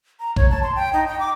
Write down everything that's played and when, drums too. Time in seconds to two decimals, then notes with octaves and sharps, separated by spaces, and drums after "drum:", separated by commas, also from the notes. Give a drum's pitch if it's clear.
0.20 A#5
0.36 C#5, drum: kick
0.51 A5
0.63 C6
0.76 G5
0.93 D#4
1.08 G5
1.20 D6